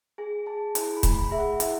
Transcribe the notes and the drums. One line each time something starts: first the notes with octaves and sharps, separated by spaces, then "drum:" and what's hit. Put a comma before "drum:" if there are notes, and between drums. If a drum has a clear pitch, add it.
G#4 G#5
G#4 A5
E4 G#5, drum: hi-hat
B5
A3, drum: kick, hi-hat
B5
G#4 E5
F#5
E4 E5, drum: hi-hat